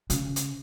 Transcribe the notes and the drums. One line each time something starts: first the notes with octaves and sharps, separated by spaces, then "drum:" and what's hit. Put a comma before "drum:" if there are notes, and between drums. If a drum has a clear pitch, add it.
C#3, drum: hi-hat
drum: hi-hat